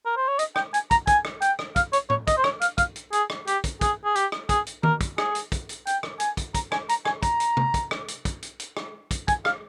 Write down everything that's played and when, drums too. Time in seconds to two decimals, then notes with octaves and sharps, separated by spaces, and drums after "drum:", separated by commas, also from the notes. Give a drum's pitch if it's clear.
0.06 A#4
0.17 C5
0.28 C#5
0.39 D#5, drum: hi-hat
0.56 G5, drum: rim click
0.74 G#5, drum: hi-hat
0.91 A#5, drum: kick, hi-hat
1.07 G#5, drum: kick, hi-hat
1.25 drum: rim click
1.42 G5, drum: hi-hat
1.59 drum: rim click
1.76 F5, drum: kick, hi-hat
1.93 C#5, drum: hi-hat
2.10 C#5, drum: tom
2.28 D#5, drum: kick, hi-hat
2.37 C5
2.44 C#5, drum: rim click
2.61 F5, drum: hi-hat
2.78 F5, drum: kick, hi-hat
2.96 drum: hi-hat
3.13 G#4, drum: hi-hat
3.30 drum: rim click
3.47 G4, drum: hi-hat
3.64 drum: kick, hi-hat
3.81 G#4, drum: kick, hi-hat
4.05 G#4
4.15 G4, drum: hi-hat
4.32 drum: rim click
4.49 G#4, drum: kick, hi-hat
4.66 drum: hi-hat
4.83 A#4, drum: tom D#3
5.01 drum: kick, hi-hat
5.18 G#4, drum: rim click
5.35 drum: hi-hat
5.52 drum: kick, hi-hat
5.69 drum: hi-hat
5.87 G5, drum: hi-hat
6.03 drum: rim click
6.20 G#5, drum: hi-hat
6.37 drum: kick, hi-hat
6.55 A#5, drum: kick, hi-hat
6.72 G#5, drum: rim click
6.89 A#5, drum: hi-hat
7.05 G#5, drum: rim click
7.23 A#5, drum: kick, hi-hat
7.40 drum: hi-hat
7.57 drum: tom C3
7.74 drum: kick, hi-hat
7.91 drum: rim click
8.08 drum: hi-hat
8.25 drum: kick, hi-hat
8.42 drum: hi-hat
8.59 drum: hi-hat
8.77 drum: rim click
9.11 drum: kick, hi-hat
9.28 G#5, drum: kick, hi-hat
9.45 F5, drum: rim click